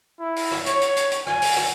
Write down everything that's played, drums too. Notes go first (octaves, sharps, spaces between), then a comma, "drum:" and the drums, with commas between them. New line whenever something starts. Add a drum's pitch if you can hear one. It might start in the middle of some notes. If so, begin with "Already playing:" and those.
E4
drum: open hi-hat
drum: rim click
C#5, drum: hi-hat
drum: hi-hat
drum: hi-hat
drum: hi-hat
G#5, drum: rim click
drum: open hi-hat
drum: rim click